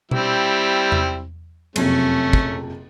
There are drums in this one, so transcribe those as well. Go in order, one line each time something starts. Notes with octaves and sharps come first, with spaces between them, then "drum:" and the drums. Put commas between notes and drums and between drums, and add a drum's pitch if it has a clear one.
G3 C4 E4, drum: tom B2
drum: tom E2
F#1 F2 C3 A3 C#4, drum: cymbal
drum: kick